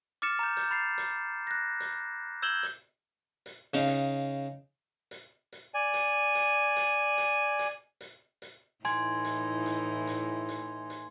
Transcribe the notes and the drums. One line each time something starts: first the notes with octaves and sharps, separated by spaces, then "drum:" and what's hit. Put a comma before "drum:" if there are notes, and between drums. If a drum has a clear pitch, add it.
D6 F6 A6 C#7 E7
A#5 G6
G6, drum: hi-hat
B5 A6 C7
drum: hi-hat
F#6 A#6
drum: hi-hat
E6 G6 G#6 E7 F#7 G7
drum: hi-hat
drum: hi-hat
C#3 D#4 F5
drum: hi-hat
drum: hi-hat
drum: hi-hat
D5 G#5
drum: hi-hat
drum: hi-hat
drum: hi-hat
drum: hi-hat
drum: hi-hat
drum: hi-hat
drum: hi-hat
A2 E3 D#4 G#5 C6 G#6, drum: hi-hat
drum: hi-hat
drum: hi-hat
drum: hi-hat
drum: hi-hat
drum: hi-hat